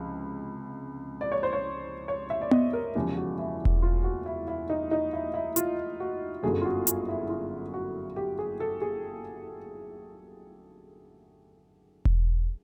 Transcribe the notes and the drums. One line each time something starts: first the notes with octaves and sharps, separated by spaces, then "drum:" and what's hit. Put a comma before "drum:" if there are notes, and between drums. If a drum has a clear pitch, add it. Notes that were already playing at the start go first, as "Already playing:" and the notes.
Already playing: C#2 C3 F3
D5
C#5
C5
C#5
C#5
E5
D5
D#5, drum: tom B3
A#4
E1 E2 C#3 F3 G4
F#4
E4
drum: kick E1
F4
F#4
E4
E4
D#4
D#4
E4
E4
F4, drum: hi-hat
F#4
G1 F#2 D3 F#3 G#4
F4
F#4
F4, drum: hi-hat
E4
F4
F#4
G4
G#4
A4
G#4
drum: kick E1